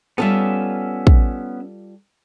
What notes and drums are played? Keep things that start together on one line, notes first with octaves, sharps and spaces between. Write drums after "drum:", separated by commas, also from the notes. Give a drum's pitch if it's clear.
G3 B3 C#4 F4 A4 E5
drum: kick